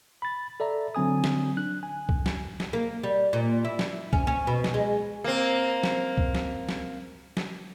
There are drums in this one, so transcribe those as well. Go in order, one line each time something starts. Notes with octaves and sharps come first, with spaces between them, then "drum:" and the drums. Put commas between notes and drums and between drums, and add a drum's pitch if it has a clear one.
B5 A6
A4 D5 E5 A#5
D3 F#3 C4 G#5 D#6
drum: snare
D4 F#6
G#5
drum: kick
drum: snare
drum: snare
A#3
G3
A#2
E4
drum: snare
C#4, drum: kick
C#4
B2
drum: snare
G#3
A#3 C4
drum: snare
drum: kick
drum: snare
drum: snare
drum: snare